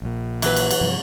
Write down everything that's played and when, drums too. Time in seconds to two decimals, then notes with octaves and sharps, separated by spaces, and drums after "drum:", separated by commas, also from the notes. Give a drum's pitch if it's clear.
0.02 A#1 A#2
0.42 E3 F#3 B4, drum: cymbal
0.56 drum: cymbal
0.71 drum: cymbal
0.81 G2 C3 F3